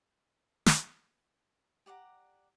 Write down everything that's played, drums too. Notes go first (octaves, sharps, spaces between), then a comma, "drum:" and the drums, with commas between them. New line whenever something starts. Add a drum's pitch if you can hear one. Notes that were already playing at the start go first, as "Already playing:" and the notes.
drum: snare
G4 D5 F#5 A#5